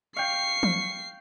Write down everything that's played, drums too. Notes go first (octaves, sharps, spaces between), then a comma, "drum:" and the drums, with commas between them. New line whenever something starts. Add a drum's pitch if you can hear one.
F5 G5 C#6 C7
drum: tom